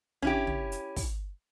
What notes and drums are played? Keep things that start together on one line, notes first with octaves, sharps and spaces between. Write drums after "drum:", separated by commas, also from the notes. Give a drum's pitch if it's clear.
C#4 E4 G4, drum: tom
drum: tom
drum: hi-hat
drum: kick, open hi-hat